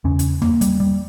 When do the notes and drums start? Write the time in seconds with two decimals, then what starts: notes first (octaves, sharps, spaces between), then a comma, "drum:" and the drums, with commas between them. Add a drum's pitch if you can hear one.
0.04 E2 C#3 C#4
0.19 drum: hi-hat
0.42 A#3, drum: tom D#2
0.61 G3, drum: hi-hat
0.80 G3